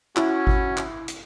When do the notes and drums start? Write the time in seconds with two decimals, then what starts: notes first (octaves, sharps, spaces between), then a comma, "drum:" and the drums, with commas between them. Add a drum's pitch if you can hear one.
0.16 C#4 E4 F#4, drum: clap
0.47 drum: kick G#1
0.77 drum: clap
1.08 drum: hi-hat